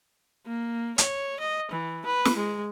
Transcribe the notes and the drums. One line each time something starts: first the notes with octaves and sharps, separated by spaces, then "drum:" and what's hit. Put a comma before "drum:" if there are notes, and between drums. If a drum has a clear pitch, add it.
A#3
C#5, drum: hi-hat
D#5
E3
B4
drum: snare
G#3